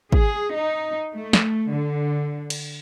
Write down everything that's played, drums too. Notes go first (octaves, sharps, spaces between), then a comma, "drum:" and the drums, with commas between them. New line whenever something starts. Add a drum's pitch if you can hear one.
G#4, drum: kick
D#4
A3
drum: snare
D3
drum: cymbal